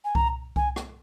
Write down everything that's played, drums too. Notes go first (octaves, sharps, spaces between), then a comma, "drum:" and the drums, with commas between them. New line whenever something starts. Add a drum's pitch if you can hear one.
G#5
A#5, drum: kick C2
G#5, drum: kick C2
drum: rim click